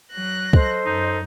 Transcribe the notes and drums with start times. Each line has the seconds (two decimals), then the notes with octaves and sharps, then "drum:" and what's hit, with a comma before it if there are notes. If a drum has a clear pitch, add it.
0.12 F#3 F#6 A#6
0.53 A4 C5 D#5, drum: kick
0.85 F#2 D#4